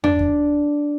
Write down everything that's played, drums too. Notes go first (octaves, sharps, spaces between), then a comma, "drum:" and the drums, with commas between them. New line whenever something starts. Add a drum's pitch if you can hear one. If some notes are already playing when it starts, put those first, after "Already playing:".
D4, drum: tom F2
drum: kick D2